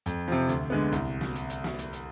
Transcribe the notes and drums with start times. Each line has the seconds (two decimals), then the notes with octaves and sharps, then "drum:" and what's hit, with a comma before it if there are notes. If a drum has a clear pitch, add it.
0.06 F2, drum: hi-hat
0.28 C3 F3
0.49 D2, drum: hi-hat
0.70 D3 G#3 B3
0.92 C2, drum: hi-hat
1.21 drum: snare
1.35 drum: hi-hat
1.50 drum: hi-hat
1.64 drum: snare
1.78 drum: hi-hat
1.93 drum: hi-hat